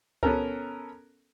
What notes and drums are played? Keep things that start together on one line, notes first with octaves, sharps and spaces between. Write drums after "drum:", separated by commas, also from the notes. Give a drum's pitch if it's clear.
B3 C#4 A4 A#4, drum: kick C#2